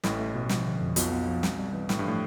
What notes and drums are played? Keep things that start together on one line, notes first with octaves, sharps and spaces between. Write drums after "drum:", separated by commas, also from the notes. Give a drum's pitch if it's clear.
A1 A2 E4, drum: snare
A3
B2
F3, drum: snare
D3
F2
B1 B2 F4, drum: hi-hat
B3
F3
C4, drum: snare
G3
E3
A2 A3, drum: snare
G2
A2 F3